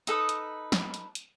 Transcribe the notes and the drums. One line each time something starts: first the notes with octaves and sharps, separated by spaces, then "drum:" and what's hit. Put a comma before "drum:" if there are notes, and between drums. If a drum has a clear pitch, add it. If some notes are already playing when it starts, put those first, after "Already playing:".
D#4 A4 B4 D#6, drum: hi-hat
drum: hi-hat
drum: snare
drum: hi-hat
drum: hi-hat